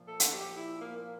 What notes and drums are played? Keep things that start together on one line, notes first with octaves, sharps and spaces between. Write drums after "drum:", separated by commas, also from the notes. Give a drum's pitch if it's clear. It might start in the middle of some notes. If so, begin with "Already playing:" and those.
Already playing: A#2 F3
A4
drum: hi-hat
G4
E4
A#3
A#3